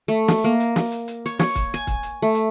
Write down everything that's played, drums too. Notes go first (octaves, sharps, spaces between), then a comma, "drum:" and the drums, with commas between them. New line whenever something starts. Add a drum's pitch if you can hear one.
A3
drum: snare
A#3
drum: hi-hat
drum: snare
drum: hi-hat
drum: hi-hat
C#5, drum: hi-hat
C#5, drum: snare
drum: kick, hi-hat
G#5, drum: hi-hat
drum: kick, hi-hat
drum: hi-hat
A3
drum: hi-hat